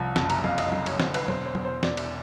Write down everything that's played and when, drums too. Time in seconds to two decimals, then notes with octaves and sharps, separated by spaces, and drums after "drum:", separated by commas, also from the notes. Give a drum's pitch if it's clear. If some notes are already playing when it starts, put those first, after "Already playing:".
Already playing: C2 F3
0.16 F#1 A5, drum: snare
0.30 A#5, drum: cymbal
0.44 F2 F5, drum: tom F#3
0.58 D#5, drum: cymbal
0.72 F#1, drum: tom F#3
0.86 C#5, drum: cymbal
1.00 D3 C5, drum: snare
1.14 B4, drum: cymbal
1.28 E1 C5, drum: tom F#3
1.46 C5
1.55 E2, drum: tom F#3
1.65 C5
1.83 E1 D5, drum: snare
1.97 drum: cymbal